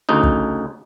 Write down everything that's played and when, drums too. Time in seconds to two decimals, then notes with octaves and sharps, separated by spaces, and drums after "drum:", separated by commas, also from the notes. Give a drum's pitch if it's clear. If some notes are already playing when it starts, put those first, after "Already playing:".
0.09 D2 C#3 D#4
0.23 drum: kick